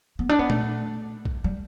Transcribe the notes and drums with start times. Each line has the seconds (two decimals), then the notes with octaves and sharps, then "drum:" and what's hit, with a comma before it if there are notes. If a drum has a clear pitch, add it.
0.19 B3
0.29 D4
0.39 B3
0.50 A3, drum: tom A#2
1.25 drum: kick
1.44 G3